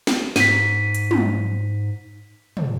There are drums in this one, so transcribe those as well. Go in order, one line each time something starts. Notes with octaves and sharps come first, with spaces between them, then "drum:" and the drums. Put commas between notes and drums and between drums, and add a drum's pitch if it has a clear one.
drum: snare
G#2 B6 D#7, drum: snare
drum: hi-hat
drum: tom
drum: tom